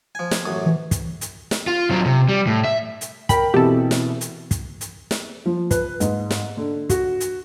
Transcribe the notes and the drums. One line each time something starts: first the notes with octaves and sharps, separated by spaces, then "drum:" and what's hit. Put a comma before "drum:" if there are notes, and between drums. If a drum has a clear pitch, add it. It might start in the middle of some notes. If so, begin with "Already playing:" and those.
F3 G#5
drum: snare
A1 F#2 D#6
E3
drum: kick, hi-hat
drum: hi-hat
drum: snare
F4
F#3 C4
C3
G3
A2
E5
drum: hi-hat
A#4 G5 B5, drum: kick, hi-hat
B2 E3 C4 G4 A4
drum: snare
drum: hi-hat
drum: kick, hi-hat
drum: hi-hat
drum: snare
F3
B4, drum: kick, hi-hat
G#2, drum: hi-hat
drum: snare
D3
F#4, drum: kick, hi-hat
drum: hi-hat